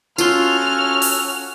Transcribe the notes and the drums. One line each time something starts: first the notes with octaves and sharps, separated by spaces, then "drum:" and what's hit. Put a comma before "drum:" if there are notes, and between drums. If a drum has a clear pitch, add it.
C#4 F4 F#4 A4 C6 F6, drum: tambourine
drum: open hi-hat